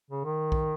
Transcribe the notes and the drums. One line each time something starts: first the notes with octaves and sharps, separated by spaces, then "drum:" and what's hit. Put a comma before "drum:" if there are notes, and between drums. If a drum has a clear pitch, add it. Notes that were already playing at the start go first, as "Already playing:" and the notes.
C#3
D#3
drum: kick B1